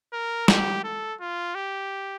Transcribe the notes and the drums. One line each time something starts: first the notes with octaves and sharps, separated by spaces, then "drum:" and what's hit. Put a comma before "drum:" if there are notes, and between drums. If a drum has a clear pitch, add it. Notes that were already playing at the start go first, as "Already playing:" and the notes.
A#4
G4, drum: snare
A4
F4
G4